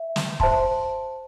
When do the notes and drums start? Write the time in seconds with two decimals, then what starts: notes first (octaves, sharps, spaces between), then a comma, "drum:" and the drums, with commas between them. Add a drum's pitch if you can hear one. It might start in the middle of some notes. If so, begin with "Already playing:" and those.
Already playing: E5
0.16 drum: snare
0.40 C5 E5 A5 C6, drum: kick